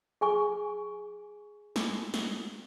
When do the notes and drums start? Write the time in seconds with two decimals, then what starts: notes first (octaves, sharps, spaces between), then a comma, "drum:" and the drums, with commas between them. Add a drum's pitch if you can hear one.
0.21 G#4 G#5 C#6
1.76 drum: snare
2.14 drum: snare